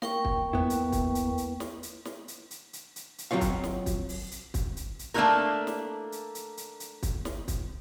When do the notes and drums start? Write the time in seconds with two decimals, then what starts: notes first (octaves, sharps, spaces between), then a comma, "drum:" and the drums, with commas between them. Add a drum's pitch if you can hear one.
0.02 A#3 A#4 G5 C#6, drum: snare
0.25 drum: kick
0.53 E2 B3 E4
0.70 drum: hi-hat
0.92 drum: kick, hi-hat
1.15 drum: hi-hat
1.38 drum: hi-hat
1.60 drum: snare
1.83 drum: hi-hat
2.05 drum: snare
2.28 drum: hi-hat
2.51 drum: hi-hat
2.73 drum: hi-hat
2.96 drum: hi-hat
3.18 drum: hi-hat
3.31 F#3 C4 F4 C#5 F5
3.41 drum: kick, hi-hat
3.64 drum: snare
3.86 drum: kick, hi-hat
4.09 drum: open hi-hat
4.31 drum: hi-hat
4.54 drum: kick, hi-hat
4.77 drum: hi-hat
4.99 drum: hi-hat
5.14 A3 A#3 D4 E4 F#4 A#4
5.67 drum: snare
6.12 drum: hi-hat
6.35 drum: hi-hat
6.57 drum: hi-hat
6.80 drum: hi-hat
7.03 drum: kick, hi-hat
7.25 drum: snare
7.48 drum: kick, hi-hat